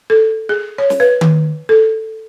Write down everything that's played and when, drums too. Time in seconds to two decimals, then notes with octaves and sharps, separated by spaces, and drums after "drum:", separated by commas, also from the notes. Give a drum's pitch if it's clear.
0.10 A4
0.49 G#4
0.78 C#5
0.90 drum: snare
1.00 B4
1.21 drum: tom D#3
1.69 A4